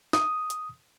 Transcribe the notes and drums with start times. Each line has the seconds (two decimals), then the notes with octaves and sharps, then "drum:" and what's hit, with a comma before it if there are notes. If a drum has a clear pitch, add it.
0.13 D#6, drum: snare
0.50 drum: hi-hat